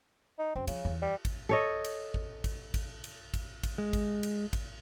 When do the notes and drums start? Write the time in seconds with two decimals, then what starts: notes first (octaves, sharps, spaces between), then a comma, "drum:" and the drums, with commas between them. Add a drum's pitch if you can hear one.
0.39 D#4
0.56 F#2 C4
0.67 C#3 F3, drum: cymbal
0.85 E2
1.02 G3
1.25 drum: kick G#1, cymbal
1.49 A4 C#5 D#5
1.84 drum: cymbal
2.14 drum: kick G#1
2.44 drum: kick G#1, cymbal
2.74 drum: kick G#1, cymbal
3.04 drum: cymbal
3.34 drum: kick G#1, cymbal
3.63 drum: kick G#1, cymbal
3.78 G#3
3.93 drum: kick G#1, cymbal
4.23 drum: cymbal
4.53 drum: kick G#1, cymbal